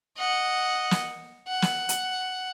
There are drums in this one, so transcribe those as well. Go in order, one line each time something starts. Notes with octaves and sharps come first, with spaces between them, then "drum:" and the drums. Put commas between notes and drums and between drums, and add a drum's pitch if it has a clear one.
D#5 F#5
drum: snare
F#5
drum: snare
drum: hi-hat